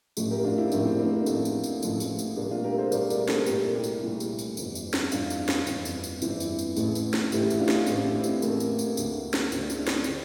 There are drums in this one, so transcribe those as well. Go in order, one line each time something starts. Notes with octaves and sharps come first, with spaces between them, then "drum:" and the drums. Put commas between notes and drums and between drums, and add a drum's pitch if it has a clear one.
A1 A2 F3 A3, drum: tambourine
G4 A#4
D4 F4
C4 E4
A1 A2 F3 A3 A#3 D4, drum: tambourine
C4
A#3
A#3 D4
A1 A2 F3 A3, drum: tambourine
drum: tambourine
drum: tambourine
A1 A2 F3 A3, drum: tambourine
drum: tambourine
drum: tambourine
C2 A#2 A3 A#3 D4
D4 F4
G4 A#4
A4 C5
C2 A#2 A3 A#4 D5, drum: tambourine
A#4 D5, drum: tambourine
A4 C5, drum: snare
C2 A#2 A3 G4 A#4, drum: tambourine
E4 G4
drum: tambourine
C2 A#2 A3
drum: tambourine
drum: tambourine
G1 F2 E3, drum: tambourine
drum: tambourine
drum: snare
G1 F2 E3 D4 F4, drum: tambourine
drum: tambourine
drum: snare
G1 F2 E3, drum: tambourine
drum: tambourine
drum: tambourine
G1 F2 E3 C4 E4, drum: tambourine
drum: tambourine
drum: tambourine
A1 A2 E3 A3, drum: tambourine
drum: tambourine
drum: snare
A1 A2 E3 A3 E4 G4, drum: tambourine
drum: tambourine
D4 F4
drum: snare
A1 A2 E3 A3 C4 E4, drum: tambourine
C4
drum: tambourine
A1 A2 E3 A3 A#3, drum: tambourine
drum: tambourine
drum: tambourine
D2 D3 A3, drum: tambourine
drum: snare
D2 D3 A3 C4, drum: tambourine
D4
C4, drum: tambourine
D4
C4, drum: snare
D4
D3 C4, drum: tambourine